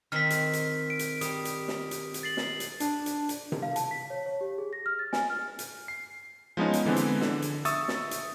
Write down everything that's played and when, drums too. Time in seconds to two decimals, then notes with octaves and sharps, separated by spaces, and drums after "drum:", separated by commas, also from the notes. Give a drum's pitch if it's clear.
0.12 D#3 C4 F6 B6
0.30 drum: hi-hat
0.53 drum: hi-hat
0.90 D7
0.99 drum: hi-hat
1.21 G3 D#6, drum: hi-hat
1.45 drum: hi-hat
1.68 drum: snare
1.91 drum: hi-hat
2.14 drum: hi-hat
2.23 A6 C7 F#7
2.37 drum: snare
2.60 drum: hi-hat
2.80 D4, drum: hi-hat
3.06 drum: hi-hat
3.29 drum: hi-hat
3.52 drum: tom C3
3.62 F5
3.76 A5, drum: hi-hat
3.91 B6
4.10 C#5
4.26 C#5
4.41 G4
4.58 G#4
4.73 A#6
4.86 F6
4.99 A6
5.13 G#5, drum: snare
5.30 F6
5.59 drum: hi-hat
5.88 C7
6.57 F3 G#3 B3 C#4 D#4
6.73 drum: hi-hat
6.85 D3 E3 G#3 B3 C4
6.96 drum: hi-hat
7.21 D3, drum: snare
7.42 drum: hi-hat
7.65 E5 C#6 D#6 E6 A6, drum: hi-hat
7.88 drum: snare
8.11 drum: hi-hat